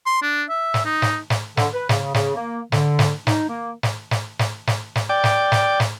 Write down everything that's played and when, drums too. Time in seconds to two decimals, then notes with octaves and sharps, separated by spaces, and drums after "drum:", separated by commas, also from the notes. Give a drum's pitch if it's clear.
0.06 C6
0.22 D4
0.50 E5
0.74 drum: snare
0.85 D#4
1.02 drum: snare
1.30 drum: snare
1.57 D3, drum: snare
1.74 B4
1.89 C#3, drum: snare
2.14 C#3, drum: snare
2.35 A#3
2.72 D3, drum: snare
2.99 drum: snare
3.27 D#4, drum: snare
3.48 A#3
3.83 drum: snare
4.11 drum: snare
4.39 drum: snare
4.67 drum: snare
4.95 drum: snare
5.09 D5 G5
5.24 drum: snare
5.52 drum: snare
5.80 drum: snare